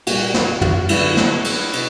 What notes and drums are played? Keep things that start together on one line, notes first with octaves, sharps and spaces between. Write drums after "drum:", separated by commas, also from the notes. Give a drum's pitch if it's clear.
A#2 G3 A#3 F#4, drum: cymbal
drum: snare
F#4, drum: tom
D3 F#3 B3 D4 E4, drum: cymbal
drum: snare
drum: cymbal
B2, drum: cymbal